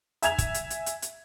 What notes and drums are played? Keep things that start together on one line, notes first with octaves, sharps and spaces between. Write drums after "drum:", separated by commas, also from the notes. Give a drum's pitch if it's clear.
E5 G#5 G#6 F7, drum: hi-hat
drum: kick, hi-hat
drum: hi-hat
drum: hi-hat
drum: hi-hat
drum: hi-hat